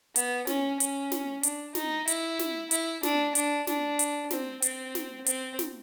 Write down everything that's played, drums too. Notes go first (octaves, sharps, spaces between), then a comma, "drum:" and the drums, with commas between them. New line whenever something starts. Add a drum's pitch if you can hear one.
B3, drum: hi-hat
C#4, drum: snare
C#4, drum: hi-hat
drum: snare
D4, drum: hi-hat
D#4, drum: snare
E4, drum: hi-hat
drum: snare
E4, drum: hi-hat
D4, drum: snare
D4, drum: hi-hat
D4, drum: snare
drum: hi-hat
C4, drum: snare
C4, drum: hi-hat
drum: snare
C4, drum: hi-hat
drum: snare